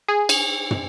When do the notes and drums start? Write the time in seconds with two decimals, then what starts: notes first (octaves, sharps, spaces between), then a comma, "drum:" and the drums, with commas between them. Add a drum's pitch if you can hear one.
0.08 G#4
0.29 drum: cymbal
0.71 drum: tom